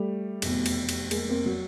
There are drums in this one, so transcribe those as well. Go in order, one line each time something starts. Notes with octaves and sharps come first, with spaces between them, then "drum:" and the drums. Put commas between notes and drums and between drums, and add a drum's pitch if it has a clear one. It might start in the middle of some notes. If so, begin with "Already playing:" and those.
Already playing: G3 A3
F1 E2 B2, drum: cymbal
drum: cymbal
drum: cymbal
G#3 A#3, drum: cymbal
A#3 C4
F#3